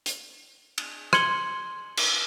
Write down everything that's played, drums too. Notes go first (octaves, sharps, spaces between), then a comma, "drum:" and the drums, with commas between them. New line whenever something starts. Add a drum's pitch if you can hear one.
drum: hi-hat
drum: cymbal
C6 G#6 C#7 F#7 G7, drum: rim click
drum: cymbal